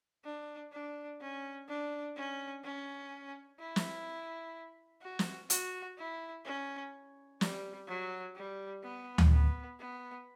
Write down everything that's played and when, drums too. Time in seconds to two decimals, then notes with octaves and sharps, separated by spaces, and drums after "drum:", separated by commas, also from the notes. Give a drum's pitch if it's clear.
0.24 D4
0.73 D4
1.21 C#4
1.68 D4
2.16 C#4
2.64 C#4
3.59 E4
3.76 drum: snare
5.02 F#4
5.19 drum: snare
5.50 F#4, drum: hi-hat
5.98 E4
6.45 C#4
7.41 G3, drum: snare
7.88 F#3
8.36 G3
8.83 B3
9.18 drum: tom D2
9.32 B3
9.79 B3